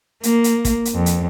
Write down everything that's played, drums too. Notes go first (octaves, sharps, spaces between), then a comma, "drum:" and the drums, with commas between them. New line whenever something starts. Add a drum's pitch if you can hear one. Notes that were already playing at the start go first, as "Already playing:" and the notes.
A#3, drum: hi-hat
drum: hi-hat
drum: kick, hi-hat
drum: hi-hat
F2
drum: hi-hat